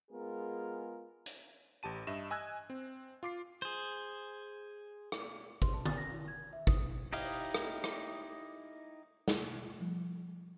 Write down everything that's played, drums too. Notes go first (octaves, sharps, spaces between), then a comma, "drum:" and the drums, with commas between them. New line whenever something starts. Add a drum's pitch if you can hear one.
G#3 B3 F4 G#4 A#4
drum: hi-hat
A1 G4 A5 D#7
G2 D#5 E5 E7
D#5 G#5 E6 F#6 G#6
C4
F4 D6 C7
G#4 C5
drum: rim click
C6, drum: kick G#1
A5
A6, drum: tom D3
A#6
E4
G#6
E5
D#6, drum: kick G#1
D#4 E4 G4 D#5 F5, drum: open hi-hat
drum: rim click
drum: rim click
drum: snare
F3 G3 A3